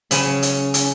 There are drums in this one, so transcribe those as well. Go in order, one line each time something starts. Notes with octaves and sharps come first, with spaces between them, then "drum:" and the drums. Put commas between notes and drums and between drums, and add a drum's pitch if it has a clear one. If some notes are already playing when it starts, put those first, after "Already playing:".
C#3 F#3 C#4 B5, drum: hi-hat
drum: hi-hat
drum: hi-hat